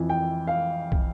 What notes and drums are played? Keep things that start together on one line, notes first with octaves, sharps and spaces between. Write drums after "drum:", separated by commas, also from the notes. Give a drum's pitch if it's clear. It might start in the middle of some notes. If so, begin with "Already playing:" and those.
Already playing: F2 E3
G5
F5
drum: kick